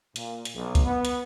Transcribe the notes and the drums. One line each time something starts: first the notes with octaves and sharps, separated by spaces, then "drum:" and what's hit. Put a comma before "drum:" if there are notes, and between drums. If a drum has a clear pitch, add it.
A#2, drum: hi-hat
drum: hi-hat
B1
drum: kick C#2, hi-hat
B3
drum: hi-hat